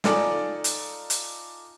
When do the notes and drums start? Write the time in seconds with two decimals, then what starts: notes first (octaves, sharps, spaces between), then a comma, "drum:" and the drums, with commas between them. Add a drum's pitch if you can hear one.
0.04 D#4 F4 A4 D5 G#5, drum: snare
0.64 drum: hi-hat
1.10 drum: hi-hat